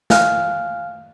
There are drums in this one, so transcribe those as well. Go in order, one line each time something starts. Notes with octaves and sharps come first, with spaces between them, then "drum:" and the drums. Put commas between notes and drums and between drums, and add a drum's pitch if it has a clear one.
F5 G#5 F6 F#6, drum: snare